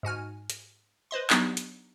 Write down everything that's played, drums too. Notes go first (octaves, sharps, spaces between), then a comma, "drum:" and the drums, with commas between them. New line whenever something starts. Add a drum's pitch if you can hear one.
G#2 F#4 G#5 F6
drum: hi-hat
B4 C5 D#5 C6
F#3 B3 D4 D#4 G4, drum: clap
drum: hi-hat